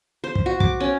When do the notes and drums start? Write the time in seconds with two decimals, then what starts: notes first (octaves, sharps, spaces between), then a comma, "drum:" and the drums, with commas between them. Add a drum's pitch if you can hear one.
0.24 C5
0.35 drum: kick
0.46 F#4
0.60 D6, drum: kick
0.80 C#4